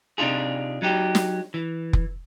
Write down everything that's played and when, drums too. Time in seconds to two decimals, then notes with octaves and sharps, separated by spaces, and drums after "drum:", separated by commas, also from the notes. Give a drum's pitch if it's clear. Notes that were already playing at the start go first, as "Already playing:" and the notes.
0.18 C3 D4 D#4 F4 G#4
0.82 F#3 D#4 G4
1.15 drum: snare
1.54 E3
1.93 drum: kick F1